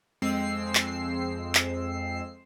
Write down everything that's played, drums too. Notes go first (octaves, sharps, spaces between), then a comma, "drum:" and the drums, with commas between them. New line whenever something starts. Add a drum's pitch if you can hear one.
F2 G#3 C4 E6 C7
drum: clap
drum: clap